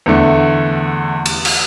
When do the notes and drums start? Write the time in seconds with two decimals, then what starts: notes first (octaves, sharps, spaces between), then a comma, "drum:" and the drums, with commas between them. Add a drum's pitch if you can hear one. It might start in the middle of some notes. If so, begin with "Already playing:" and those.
0.06 E2 D3 A3
1.26 drum: cymbal
1.45 drum: cymbal